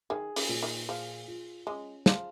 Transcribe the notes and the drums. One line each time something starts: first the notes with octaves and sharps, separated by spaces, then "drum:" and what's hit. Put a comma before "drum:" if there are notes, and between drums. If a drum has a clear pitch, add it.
D#3 G#4
C#3, drum: open hi-hat
A#2
D#3
F3 G#4
F4
G#3 C#4
F3 G#4, drum: snare